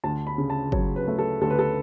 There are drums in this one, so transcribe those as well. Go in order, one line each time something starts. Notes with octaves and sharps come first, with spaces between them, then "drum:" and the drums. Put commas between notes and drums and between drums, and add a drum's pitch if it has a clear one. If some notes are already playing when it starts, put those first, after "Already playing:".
D2 A5
B5
C#3
A5
F#3 C#5, drum: kick
B4
A3
A4
D2 A4
B4
A4